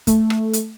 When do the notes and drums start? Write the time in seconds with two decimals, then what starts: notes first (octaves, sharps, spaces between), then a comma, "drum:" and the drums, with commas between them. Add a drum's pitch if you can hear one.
0.07 A3, drum: kick, hi-hat
0.30 drum: rim click
0.53 drum: hi-hat